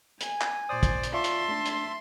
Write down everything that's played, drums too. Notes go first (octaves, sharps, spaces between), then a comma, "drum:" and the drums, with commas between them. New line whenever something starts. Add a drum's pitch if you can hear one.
G#5, drum: hi-hat
drum: clap
A#2 C5 D5 D#6
drum: kick, hi-hat
drum: hi-hat
F4 D5 E5 A5 C6 C#6
drum: hi-hat
A3 D4
drum: hi-hat